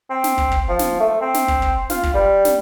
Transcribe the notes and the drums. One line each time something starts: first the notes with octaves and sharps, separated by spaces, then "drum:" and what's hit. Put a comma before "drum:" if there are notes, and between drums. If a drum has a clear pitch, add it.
C4
drum: snare
drum: kick
drum: kick
F3
drum: snare
A3
C4
drum: snare
drum: kick
drum: kick
F4, drum: snare
drum: kick
G3
drum: snare